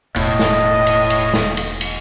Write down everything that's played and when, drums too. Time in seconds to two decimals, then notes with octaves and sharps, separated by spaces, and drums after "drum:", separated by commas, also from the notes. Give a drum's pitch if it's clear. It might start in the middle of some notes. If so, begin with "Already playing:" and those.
0.16 E1 A2 D#5, drum: cymbal
0.39 drum: snare
0.87 drum: cymbal
1.10 drum: cymbal
1.34 drum: snare
1.57 drum: cymbal
1.81 drum: cymbal